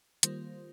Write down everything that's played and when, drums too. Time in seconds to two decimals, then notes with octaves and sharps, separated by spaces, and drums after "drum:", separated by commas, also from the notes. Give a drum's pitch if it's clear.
0.23 D#3 G3 A#3 F4 C5, drum: hi-hat